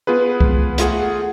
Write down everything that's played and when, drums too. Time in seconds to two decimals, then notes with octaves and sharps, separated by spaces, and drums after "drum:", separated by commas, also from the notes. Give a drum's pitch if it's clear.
0.07 B3 F4 G#4 B4
0.41 drum: kick C2
0.78 A3 F4 G#4 F#5, drum: hi-hat